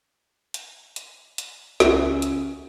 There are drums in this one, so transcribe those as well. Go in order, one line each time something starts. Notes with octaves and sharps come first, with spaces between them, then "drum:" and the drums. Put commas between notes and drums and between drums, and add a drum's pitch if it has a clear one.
drum: hi-hat
drum: hi-hat
drum: hi-hat
C#2 C#4 F#4 E5, drum: snare
drum: hi-hat